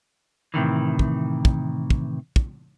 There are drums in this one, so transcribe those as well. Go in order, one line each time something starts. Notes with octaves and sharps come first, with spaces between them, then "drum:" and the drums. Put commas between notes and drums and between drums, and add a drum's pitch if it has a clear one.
A2 C3 D#3 E3
drum: kick
drum: kick
drum: kick
drum: kick